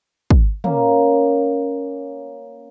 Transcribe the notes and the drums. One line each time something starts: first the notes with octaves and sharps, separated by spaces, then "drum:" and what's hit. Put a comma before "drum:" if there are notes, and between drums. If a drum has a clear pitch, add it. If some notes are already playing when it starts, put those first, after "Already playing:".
drum: kick
A#3 C#4, drum: tom